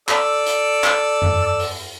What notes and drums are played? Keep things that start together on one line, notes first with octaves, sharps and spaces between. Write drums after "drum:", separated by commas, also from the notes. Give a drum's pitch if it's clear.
A4 D5 E6, drum: clap
drum: hi-hat
drum: clap
drum: tom F2
drum: open hi-hat